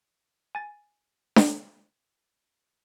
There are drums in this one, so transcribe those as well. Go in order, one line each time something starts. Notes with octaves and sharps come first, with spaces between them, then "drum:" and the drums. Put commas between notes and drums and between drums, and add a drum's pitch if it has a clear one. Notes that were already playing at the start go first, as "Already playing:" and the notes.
G#5 A6
drum: snare D4